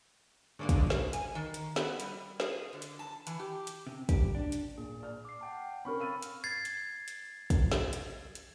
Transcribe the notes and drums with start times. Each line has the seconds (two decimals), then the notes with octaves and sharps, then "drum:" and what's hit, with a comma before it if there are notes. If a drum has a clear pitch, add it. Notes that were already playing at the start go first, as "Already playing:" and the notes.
0.59 G#2 D3 G3 A#3 C#5
0.69 drum: kick, hi-hat
0.90 drum: snare
1.13 G#5, drum: hi-hat
1.35 D#3
1.54 drum: hi-hat
1.76 B3, drum: snare
2.00 G3, drum: hi-hat
2.40 G#4, drum: snare
2.73 D3
2.82 drum: hi-hat
2.99 A5
3.27 E3, drum: hi-hat
3.40 G4
3.67 drum: hi-hat
3.87 C3
4.09 G4, drum: kick, hi-hat
4.35 D4
4.52 drum: hi-hat
4.78 A#2 G#4
5.02 D5 F6
5.25 D6 C7
5.41 F#5 G5 A5
5.85 C4 C#4 A#4 B5 C#6 F6
6.00 F5 E6 F6 A6 D#7
6.23 drum: hi-hat
6.44 G#6 A6 C7
6.65 drum: hi-hat
7.08 drum: hi-hat
7.50 drum: kick, hi-hat
7.72 drum: snare
7.93 drum: hi-hat
8.35 drum: hi-hat